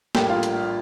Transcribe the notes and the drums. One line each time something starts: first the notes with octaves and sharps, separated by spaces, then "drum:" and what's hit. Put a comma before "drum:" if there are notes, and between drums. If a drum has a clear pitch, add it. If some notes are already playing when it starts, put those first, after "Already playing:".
A#1 A2 G3 A#3 D4 G4, drum: snare
F4
drum: hi-hat